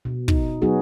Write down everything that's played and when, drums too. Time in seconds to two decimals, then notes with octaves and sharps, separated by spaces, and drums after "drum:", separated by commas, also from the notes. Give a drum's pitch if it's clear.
0.05 B2
0.28 D#4, drum: kick
0.62 F#3 B3 D#4 F#4 G#4